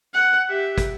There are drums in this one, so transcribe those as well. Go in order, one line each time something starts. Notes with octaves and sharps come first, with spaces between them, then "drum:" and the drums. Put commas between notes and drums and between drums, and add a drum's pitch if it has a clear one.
F#5
G4 E5
drum: kick, hi-hat